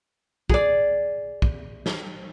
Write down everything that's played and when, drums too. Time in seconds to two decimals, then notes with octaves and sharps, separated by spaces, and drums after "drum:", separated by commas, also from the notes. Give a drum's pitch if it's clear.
0.50 G#4 D5, drum: kick
1.42 drum: kick
1.86 drum: snare